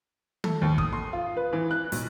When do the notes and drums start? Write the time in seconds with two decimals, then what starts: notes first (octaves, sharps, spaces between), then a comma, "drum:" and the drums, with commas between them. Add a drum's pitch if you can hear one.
0.44 A3, drum: tom D#3
0.62 D#2
0.78 D#6, drum: kick
0.93 C6
1.13 F4
1.37 B4
1.53 E3
1.71 F#6
1.92 B1, drum: hi-hat